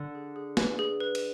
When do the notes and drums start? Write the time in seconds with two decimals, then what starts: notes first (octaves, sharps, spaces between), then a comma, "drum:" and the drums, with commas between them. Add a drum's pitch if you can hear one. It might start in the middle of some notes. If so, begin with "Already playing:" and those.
Already playing: D3
0.15 G#4
0.36 G#4
0.57 B4, drum: snare
0.79 G#4
1.00 B4
1.15 drum: cymbal